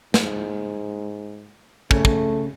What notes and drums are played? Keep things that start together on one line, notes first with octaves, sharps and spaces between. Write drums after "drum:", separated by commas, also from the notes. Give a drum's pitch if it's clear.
G#2, drum: snare
C#3 A3, drum: kick
drum: kick